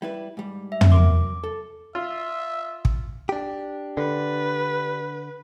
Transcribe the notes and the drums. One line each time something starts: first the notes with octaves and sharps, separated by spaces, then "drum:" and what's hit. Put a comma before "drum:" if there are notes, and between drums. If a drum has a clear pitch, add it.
G3 E4 B4
G#2 G3
E5
drum: tom
F#3 A#4 C6 D6
A4
F4 E5
drum: kick
D4 G4
D3 B4